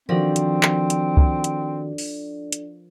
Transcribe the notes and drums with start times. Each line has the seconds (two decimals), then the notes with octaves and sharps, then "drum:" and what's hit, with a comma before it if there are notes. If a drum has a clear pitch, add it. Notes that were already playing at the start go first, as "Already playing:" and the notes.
0.09 D#3 F3 C4 D4 F#4 A4 A#4 D5
0.36 drum: hi-hat
0.63 drum: clap
0.90 drum: hi-hat
1.17 drum: kick
1.44 drum: hi-hat
1.98 drum: open hi-hat
2.52 drum: hi-hat